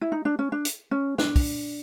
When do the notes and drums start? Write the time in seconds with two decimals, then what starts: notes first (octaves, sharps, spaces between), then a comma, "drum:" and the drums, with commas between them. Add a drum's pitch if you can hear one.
0.01 E4
0.12 D#4
0.25 D4
0.39 C#4
0.52 D4
0.65 drum: hi-hat
0.91 C#4
1.18 D4, drum: snare
1.36 drum: kick, open hi-hat